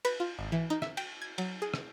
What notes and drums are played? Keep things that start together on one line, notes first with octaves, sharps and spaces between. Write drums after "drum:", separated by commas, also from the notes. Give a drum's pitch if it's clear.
B4, drum: cymbal
F4
G#1
E3
D#4
E5, drum: rim click
G5, drum: cymbal
G#6
F#3, drum: cymbal
G#4
drum: rim click